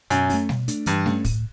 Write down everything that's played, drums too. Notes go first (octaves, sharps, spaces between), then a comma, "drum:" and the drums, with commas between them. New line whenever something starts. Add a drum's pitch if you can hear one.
F#2 B2, drum: hi-hat
A3 C#4, drum: open hi-hat
B2, drum: snare G3
A3 D4, drum: hi-hat
G2 E3, drum: hi-hat
A3 C#4, drum: snare G3
A2, drum: kick, open hi-hat